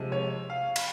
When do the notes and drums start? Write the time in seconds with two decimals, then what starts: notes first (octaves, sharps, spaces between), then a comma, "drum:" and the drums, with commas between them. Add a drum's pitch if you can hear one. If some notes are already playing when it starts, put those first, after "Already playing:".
Already playing: C3 F3 G#3
0.12 C#5
0.50 F5
0.76 drum: cymbal